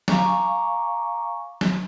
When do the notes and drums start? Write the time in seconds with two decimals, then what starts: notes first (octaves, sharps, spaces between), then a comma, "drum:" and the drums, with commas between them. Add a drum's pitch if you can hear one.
0.08 F5 G#5 A#5 C#6 D6, drum: snare
1.61 drum: snare